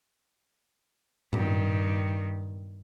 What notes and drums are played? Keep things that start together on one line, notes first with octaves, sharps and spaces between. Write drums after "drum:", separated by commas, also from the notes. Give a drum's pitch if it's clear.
G2 D#3, drum: tom A2